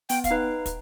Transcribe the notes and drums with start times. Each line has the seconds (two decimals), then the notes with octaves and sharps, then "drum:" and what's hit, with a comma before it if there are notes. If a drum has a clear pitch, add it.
0.09 B3 G5, drum: open hi-hat
0.24 F5, drum: kick, hi-hat
0.31 D#4 B4
0.66 drum: kick, hi-hat